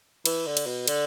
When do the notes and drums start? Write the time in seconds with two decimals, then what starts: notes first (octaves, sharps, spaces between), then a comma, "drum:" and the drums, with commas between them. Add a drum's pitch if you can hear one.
0.26 E3, drum: cymbal
0.47 D3
0.57 drum: cymbal
0.67 B2
0.88 D3, drum: cymbal